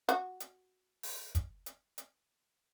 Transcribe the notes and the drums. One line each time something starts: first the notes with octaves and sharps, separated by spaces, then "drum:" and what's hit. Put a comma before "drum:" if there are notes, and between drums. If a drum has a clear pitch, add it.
F#4, drum: hi-hat
drum: hi-hat
drum: open hi-hat
drum: kick, hi-hat
drum: hi-hat
drum: hi-hat